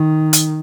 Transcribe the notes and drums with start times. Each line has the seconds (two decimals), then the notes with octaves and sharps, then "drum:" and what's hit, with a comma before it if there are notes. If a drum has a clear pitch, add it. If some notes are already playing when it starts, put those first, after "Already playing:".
Already playing: D#3
0.33 drum: hi-hat